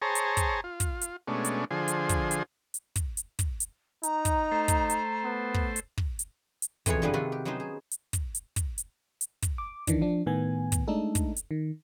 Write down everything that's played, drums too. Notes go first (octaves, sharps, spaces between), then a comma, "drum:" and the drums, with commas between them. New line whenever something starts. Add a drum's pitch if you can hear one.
G#4 C5 C#5 A5 A#5
drum: hi-hat
drum: kick, hi-hat
F4
drum: kick, hi-hat
drum: hi-hat
B2 G#3 A3 C#4 D4
drum: hi-hat
D3 F3 G#4 C5
drum: hi-hat
drum: kick, hi-hat
drum: hi-hat
drum: hi-hat
drum: kick, hi-hat
drum: hi-hat
drum: kick, hi-hat
drum: hi-hat
D#4 A#5, drum: hi-hat
drum: kick, hi-hat
A3 C5
drum: kick, hi-hat
drum: hi-hat
B3
drum: kick
drum: hi-hat
drum: kick
drum: hi-hat
drum: hi-hat
F2 B2 E3 F#4 G#4 C#5, drum: kick, hi-hat
G2 D3 F3 G3 G#4 B4
C3 D#3 F4 F#4 A4 B4
G4
F#3 B3 C#4 D#4 C5
G#4
drum: hi-hat
drum: kick, hi-hat
drum: hi-hat
drum: kick, hi-hat
drum: hi-hat
drum: hi-hat
drum: kick, hi-hat
D6
D#3 E3 D4, drum: kick, hi-hat
F3 D4
A2 D#3 B3 G#5
drum: kick, hi-hat
G#3 A3 D4 D#4 A4
drum: kick, hi-hat
drum: hi-hat
D#3